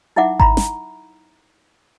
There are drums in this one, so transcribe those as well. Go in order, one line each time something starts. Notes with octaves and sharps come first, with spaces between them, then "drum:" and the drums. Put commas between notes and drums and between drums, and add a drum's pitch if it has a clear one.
D#4 E4 E5 F#5 D6
A#5 B5, drum: kick G#1
drum: snare